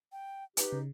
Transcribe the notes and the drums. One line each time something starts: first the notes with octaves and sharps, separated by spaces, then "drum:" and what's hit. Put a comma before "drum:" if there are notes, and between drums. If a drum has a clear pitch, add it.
G5
D#4 G4 B4, drum: hi-hat
C#3